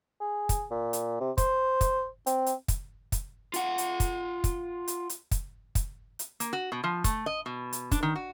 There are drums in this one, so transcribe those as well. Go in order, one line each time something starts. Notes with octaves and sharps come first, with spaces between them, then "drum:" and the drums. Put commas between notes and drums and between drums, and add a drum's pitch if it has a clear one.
G#4
drum: kick, hi-hat
A#2
drum: hi-hat
C3
C5, drum: kick, hi-hat
drum: kick, hi-hat
C4, drum: hi-hat
drum: hi-hat
drum: kick, hi-hat
drum: kick, hi-hat
F4 F#5, drum: hi-hat
drum: hi-hat
drum: kick, hi-hat
drum: kick, hi-hat
drum: hi-hat
drum: hi-hat
drum: kick, hi-hat
drum: kick, hi-hat
drum: hi-hat
A#3, drum: hi-hat
F#4
B2
F3
A3, drum: kick, hi-hat
D#5
B2
drum: hi-hat
D4, drum: kick, hi-hat
D#3
F#4